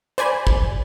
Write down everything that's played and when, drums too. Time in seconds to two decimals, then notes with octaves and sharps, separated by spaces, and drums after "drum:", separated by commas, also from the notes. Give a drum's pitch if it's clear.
0.18 C5 D5 G#5 B5, drum: hi-hat
0.47 drum: kick